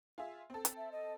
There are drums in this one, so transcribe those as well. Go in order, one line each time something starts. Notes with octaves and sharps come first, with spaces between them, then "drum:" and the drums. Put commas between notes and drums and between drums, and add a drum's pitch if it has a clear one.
F4 G#4 E5
C4 A4
drum: hi-hat
E5
D#5